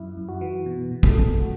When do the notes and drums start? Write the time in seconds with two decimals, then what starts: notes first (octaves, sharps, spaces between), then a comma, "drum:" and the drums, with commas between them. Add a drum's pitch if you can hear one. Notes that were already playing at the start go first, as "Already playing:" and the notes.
Already playing: F#2 E4
0.17 F#2
0.28 F#4
0.41 E3
0.66 B2
0.91 B2
1.03 A4, drum: kick
1.15 A3
1.40 A3 F#4